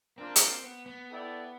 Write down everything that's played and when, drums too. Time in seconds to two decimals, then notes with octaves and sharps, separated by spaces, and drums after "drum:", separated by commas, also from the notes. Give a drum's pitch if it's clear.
0.17 A#3 C4 D4 F4
0.36 drum: hi-hat
0.63 B3
0.86 B3
1.10 E4 A4 D5 G5